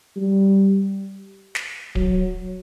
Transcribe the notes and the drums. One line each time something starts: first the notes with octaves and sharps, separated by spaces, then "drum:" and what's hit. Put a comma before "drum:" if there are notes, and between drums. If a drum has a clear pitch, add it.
G3
drum: snare
F#3, drum: kick D1